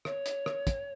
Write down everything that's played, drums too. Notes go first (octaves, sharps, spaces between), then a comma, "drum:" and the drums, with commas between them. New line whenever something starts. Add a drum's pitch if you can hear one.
C#5, drum: rim click
drum: hi-hat
drum: rim click
drum: kick, hi-hat